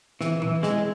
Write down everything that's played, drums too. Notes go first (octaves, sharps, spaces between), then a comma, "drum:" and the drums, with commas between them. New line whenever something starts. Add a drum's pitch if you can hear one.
E3, drum: snare
E3, drum: tom A#2
G#3, drum: snare